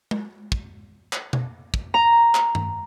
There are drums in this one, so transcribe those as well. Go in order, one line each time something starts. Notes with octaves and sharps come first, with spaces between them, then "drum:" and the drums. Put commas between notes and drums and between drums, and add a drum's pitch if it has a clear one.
drum: tom G#3
drum: kick
drum: clap
drum: tom B2
drum: kick
A#5
drum: clap
drum: tom G2